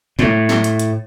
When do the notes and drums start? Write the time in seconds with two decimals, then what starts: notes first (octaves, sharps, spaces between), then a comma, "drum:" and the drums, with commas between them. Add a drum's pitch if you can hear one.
0.19 A2, drum: snare
0.49 drum: snare
0.64 drum: hi-hat
0.79 drum: hi-hat